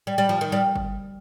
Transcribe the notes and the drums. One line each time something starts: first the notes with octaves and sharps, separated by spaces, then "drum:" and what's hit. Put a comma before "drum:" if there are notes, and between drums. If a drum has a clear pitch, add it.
G3
G3
F3
D#3
G3
drum: kick